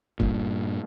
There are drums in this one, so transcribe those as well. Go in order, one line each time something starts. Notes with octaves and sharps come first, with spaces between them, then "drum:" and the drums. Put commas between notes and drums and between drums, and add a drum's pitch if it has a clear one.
G2 A#2, drum: kick